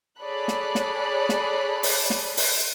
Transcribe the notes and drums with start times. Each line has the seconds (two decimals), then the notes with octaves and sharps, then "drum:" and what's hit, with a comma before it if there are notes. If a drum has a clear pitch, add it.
0.21 G#4 A4 C#5 D5 B5 F#6
0.48 drum: snare
0.75 drum: snare
1.29 drum: snare
1.83 drum: open hi-hat
2.10 drum: snare
2.37 drum: open hi-hat